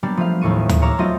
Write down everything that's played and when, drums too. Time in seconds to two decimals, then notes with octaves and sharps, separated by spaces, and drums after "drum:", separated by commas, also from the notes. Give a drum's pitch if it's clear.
0.03 F#3 G3 A#3 B3 D4 G4
0.17 F3 A3 F5
0.41 A1 D#2 A2 C#6 D#7
0.69 drum: tom D2
0.82 C#5 F5 A#5 D6 E6
0.98 F#3 A3 C4 D#4 F4 D#5